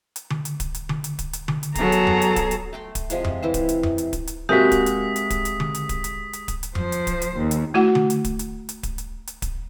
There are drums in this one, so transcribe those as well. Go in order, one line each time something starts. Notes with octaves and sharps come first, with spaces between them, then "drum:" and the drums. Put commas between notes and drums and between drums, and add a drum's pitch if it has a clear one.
drum: hi-hat
drum: tom D3
drum: hi-hat
drum: kick D1, hi-hat
drum: hi-hat
drum: tom D3
drum: hi-hat
drum: kick D1, hi-hat
drum: hi-hat
drum: tom D3
drum: hi-hat
F#3 B3 G#4 A4 A#5, drum: kick D1, hi-hat
drum: hi-hat
drum: tom F2
drum: hi-hat
drum: kick D1, hi-hat
drum: hi-hat
A3 G5 C6
drum: kick D1, hi-hat
C3 F3 G#3 G#4, drum: hi-hat
drum: tom F2
E3 E4 C5
drum: kick D1, hi-hat
drum: hi-hat
drum: tom F2
drum: hi-hat
drum: kick D1, hi-hat
drum: hi-hat
C3 G#3 A#3 F#4 G4 D#6 B6
drum: kick D1, hi-hat
drum: hi-hat
drum: hi-hat
drum: kick D1, hi-hat
drum: hi-hat
drum: tom D3
drum: hi-hat
drum: kick D1, hi-hat
drum: hi-hat
drum: hi-hat
drum: kick D1, hi-hat
drum: hi-hat
F3 C5, drum: tom F2
drum: hi-hat
drum: kick D1, hi-hat
drum: hi-hat
D#2
drum: hi-hat
A3 E4 F#4 F#5
drum: tom D3
drum: hi-hat
drum: kick D1, hi-hat
drum: hi-hat
drum: hi-hat
drum: kick D1, hi-hat
drum: hi-hat
drum: hi-hat
drum: kick D1, hi-hat